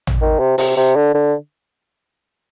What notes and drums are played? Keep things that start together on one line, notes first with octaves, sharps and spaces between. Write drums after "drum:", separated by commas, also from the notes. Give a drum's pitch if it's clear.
drum: tom
D#3
C3
C3, drum: open hi-hat
C3
D3
D3